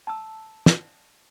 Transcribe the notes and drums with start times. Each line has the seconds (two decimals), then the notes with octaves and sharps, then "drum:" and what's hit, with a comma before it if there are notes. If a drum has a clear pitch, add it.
0.07 A5 A#5 E6
0.66 drum: snare